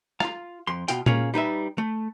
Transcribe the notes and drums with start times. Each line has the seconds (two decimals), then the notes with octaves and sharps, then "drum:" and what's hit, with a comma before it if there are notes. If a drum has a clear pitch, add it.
0.20 F4 F5, drum: rim click
0.67 F2 C6
0.88 B2 F4 G5, drum: hi-hat
1.06 A#3 C#4 F4 G#4, drum: tom A#2
1.34 G3 D#4 B4 E5
1.78 A3